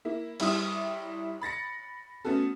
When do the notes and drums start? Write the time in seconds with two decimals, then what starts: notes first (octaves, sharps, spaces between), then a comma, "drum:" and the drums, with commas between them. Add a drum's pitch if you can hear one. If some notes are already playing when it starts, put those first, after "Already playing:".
0.05 A#3 E4
0.40 G3 E4 D#6, drum: cymbal
1.41 B5 A6 A#6 C#7
2.25 A3 B3 C#4 F#4 A4